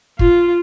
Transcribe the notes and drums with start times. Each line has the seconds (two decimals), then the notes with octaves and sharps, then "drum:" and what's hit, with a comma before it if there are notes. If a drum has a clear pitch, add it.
0.19 F4, drum: kick